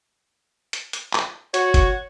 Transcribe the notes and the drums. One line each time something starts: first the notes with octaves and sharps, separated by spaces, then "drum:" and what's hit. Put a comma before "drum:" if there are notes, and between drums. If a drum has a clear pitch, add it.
drum: hi-hat
drum: hi-hat
drum: clap
F#4 C#5, drum: hi-hat
drum: kick F#1, hi-hat